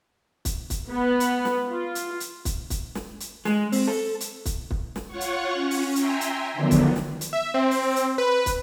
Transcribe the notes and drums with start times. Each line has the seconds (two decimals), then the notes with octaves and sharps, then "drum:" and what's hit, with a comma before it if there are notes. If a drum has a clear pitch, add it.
0.45 drum: kick, hi-hat
0.70 drum: kick, hi-hat
0.90 B3
1.20 drum: hi-hat
1.45 drum: snare
1.69 F4
1.95 drum: hi-hat
2.20 drum: hi-hat
2.45 drum: kick, hi-hat
2.70 drum: kick, hi-hat
2.95 drum: snare
3.20 drum: hi-hat
3.45 G#3, drum: snare
3.72 C4, drum: open hi-hat
3.88 A4
4.20 drum: hi-hat
4.46 drum: kick, hi-hat
4.71 drum: kick
4.96 drum: snare
5.08 F4 C#5 F#5 C#6
5.21 drum: hi-hat
5.53 C#4
5.71 drum: open hi-hat
5.96 E5 G5 G#5 A#5 C6, drum: hi-hat
6.21 drum: hi-hat
6.54 D3 D#3 F3 F#3 B3 D4
6.71 drum: kick, hi-hat
6.96 drum: snare
7.21 drum: hi-hat
7.33 E5
7.54 C4
7.71 drum: open hi-hat
7.96 drum: hi-hat
8.18 B4
8.46 drum: kick, hi-hat